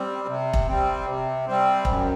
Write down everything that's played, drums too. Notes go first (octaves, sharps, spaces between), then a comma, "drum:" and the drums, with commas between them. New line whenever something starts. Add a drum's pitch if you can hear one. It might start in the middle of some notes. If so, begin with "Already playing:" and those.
Already playing: G3 C4
C3
drum: kick E1
G3 C4
C3
G3 C4
F#2, drum: kick E1